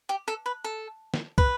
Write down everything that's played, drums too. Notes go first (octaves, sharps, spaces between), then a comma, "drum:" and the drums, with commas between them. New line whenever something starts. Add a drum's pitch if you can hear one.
G4
A4
B4
A4
drum: snare
B4, drum: kick